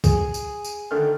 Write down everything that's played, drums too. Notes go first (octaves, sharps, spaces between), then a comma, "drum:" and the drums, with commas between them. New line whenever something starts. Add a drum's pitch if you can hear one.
G#4, drum: kick, tambourine
drum: tambourine
drum: tambourine
D3 D#3 A3 F6